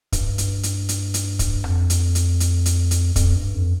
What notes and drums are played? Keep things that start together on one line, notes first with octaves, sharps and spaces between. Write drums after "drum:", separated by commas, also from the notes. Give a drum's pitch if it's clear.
G2, drum: kick, hi-hat
drum: hi-hat
drum: hi-hat
drum: hi-hat
drum: hi-hat
drum: kick, hi-hat
F2, drum: rim click
drum: hi-hat
drum: hi-hat
drum: hi-hat
drum: hi-hat
drum: hi-hat
F2, drum: kick, hi-hat
G2
F2